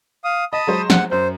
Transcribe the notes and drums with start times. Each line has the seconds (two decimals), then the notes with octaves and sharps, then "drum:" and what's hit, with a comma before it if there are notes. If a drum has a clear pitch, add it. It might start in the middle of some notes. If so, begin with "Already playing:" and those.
0.24 F5 D#6
0.53 D#5 A5 B5 D#6
0.67 F#3 G#3 C5
0.90 F#5, drum: snare
1.11 F#2 C5